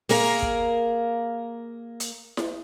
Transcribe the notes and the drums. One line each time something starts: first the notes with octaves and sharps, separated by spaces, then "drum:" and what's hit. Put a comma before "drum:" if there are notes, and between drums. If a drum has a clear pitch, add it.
A#3 G#4 A#4 F5, drum: open hi-hat
drum: kick
drum: hi-hat
drum: snare E4